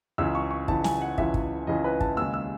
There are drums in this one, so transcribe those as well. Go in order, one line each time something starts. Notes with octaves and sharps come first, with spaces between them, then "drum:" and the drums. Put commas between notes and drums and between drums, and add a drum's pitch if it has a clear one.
C#2 C#3 E3 E6
C#6
C#6
C#2 C#3 E3 A5, drum: kick
G#5, drum: snare
F#5
C#2 C#3 E3 E5, drum: kick
drum: kick
C#2 C#3 E3 D#5
B4
A5, drum: kick
D#2 C#3 G#3 E6
E6